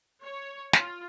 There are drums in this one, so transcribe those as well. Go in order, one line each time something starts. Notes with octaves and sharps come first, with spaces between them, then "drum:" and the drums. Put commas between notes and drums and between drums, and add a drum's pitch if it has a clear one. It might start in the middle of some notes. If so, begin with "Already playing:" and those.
C#5
F4, drum: snare